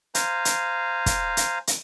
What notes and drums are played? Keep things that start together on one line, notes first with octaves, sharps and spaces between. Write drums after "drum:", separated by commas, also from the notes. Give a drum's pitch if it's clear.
C5 F5 G#5 A#5, drum: hi-hat
drum: hi-hat
drum: kick, hi-hat
drum: hi-hat
drum: hi-hat